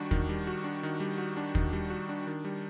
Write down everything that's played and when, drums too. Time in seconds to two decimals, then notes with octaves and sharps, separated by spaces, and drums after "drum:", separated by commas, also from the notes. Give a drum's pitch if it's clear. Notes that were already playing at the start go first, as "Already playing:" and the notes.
Already playing: D#3 G3 D4 F#4
0.11 D#3, drum: kick
0.29 G3
0.47 F#4
0.64 D4
0.83 D#3
1.00 G3
1.18 F#4
1.37 D4
1.55 D#3, drum: kick
1.73 G3
1.90 F#4
2.09 D4
2.27 D#3
2.45 G3